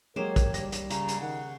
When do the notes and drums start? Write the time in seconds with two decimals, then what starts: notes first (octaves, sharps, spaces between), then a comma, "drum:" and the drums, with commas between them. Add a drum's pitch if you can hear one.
0.16 F#3 G#3 A#3 G4 A#4 C5 C#5
0.36 drum: kick, hi-hat
0.54 G3 A#6, drum: hi-hat
0.72 drum: hi-hat
0.90 C#3 A#5, drum: hi-hat
1.09 drum: hi-hat
1.21 D#3 F#5